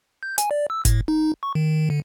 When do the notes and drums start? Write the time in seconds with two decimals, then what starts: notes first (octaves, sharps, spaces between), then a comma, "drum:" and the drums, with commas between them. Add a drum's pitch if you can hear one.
0.23 G6
0.38 G#5, drum: hi-hat
0.51 D5
0.70 E6
0.85 A2, drum: kick F#1, hi-hat
1.08 D#4
1.43 C#6
1.55 D#3
1.90 D3